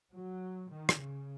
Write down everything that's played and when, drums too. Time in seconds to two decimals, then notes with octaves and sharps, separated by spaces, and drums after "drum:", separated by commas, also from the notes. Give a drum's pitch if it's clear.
0.13 F#3
0.70 D#3
0.89 drum: rim click
1.00 C#3